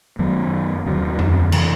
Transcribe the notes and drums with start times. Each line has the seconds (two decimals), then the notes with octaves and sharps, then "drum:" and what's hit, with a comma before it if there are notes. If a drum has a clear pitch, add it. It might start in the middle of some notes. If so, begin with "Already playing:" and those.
0.19 F#2 D#3 F#3 B3
0.86 D#2 D3 F#3
1.19 drum: tom F2
1.52 C3 E3, drum: cymbal